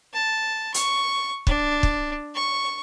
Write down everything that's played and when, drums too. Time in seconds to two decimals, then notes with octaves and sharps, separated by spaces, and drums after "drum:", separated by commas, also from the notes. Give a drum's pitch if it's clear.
0.13 A5
0.74 C#6, drum: hi-hat
1.47 D4, drum: kick
1.83 drum: kick
2.35 C#6